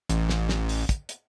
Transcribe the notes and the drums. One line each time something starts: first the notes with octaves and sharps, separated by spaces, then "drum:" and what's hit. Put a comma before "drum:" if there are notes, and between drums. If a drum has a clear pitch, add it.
A1, drum: hi-hat
drum: snare
drum: snare
drum: open hi-hat
drum: kick, hi-hat
drum: hi-hat